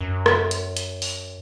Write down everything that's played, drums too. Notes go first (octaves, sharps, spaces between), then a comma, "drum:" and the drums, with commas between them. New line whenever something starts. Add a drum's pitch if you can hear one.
F#2
drum: rim click
drum: hi-hat
drum: hi-hat
drum: open hi-hat